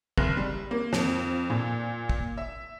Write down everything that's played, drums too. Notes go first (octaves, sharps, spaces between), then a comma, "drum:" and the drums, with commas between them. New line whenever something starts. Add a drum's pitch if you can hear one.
F#1, drum: kick
G3
A#3
F2, drum: snare
A#2
drum: kick
E5